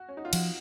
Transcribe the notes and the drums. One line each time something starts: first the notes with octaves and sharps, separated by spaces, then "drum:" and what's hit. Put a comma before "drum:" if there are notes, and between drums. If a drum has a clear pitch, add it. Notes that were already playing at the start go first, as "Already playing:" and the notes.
Already playing: F#4
C#4
D#4
F4
F3 F#4, drum: cymbal